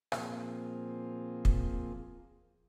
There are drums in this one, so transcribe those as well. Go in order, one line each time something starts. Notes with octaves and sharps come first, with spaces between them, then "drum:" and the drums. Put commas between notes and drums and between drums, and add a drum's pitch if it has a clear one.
A#2 F3 A#3 C4 F4 G#4, drum: rim click
drum: kick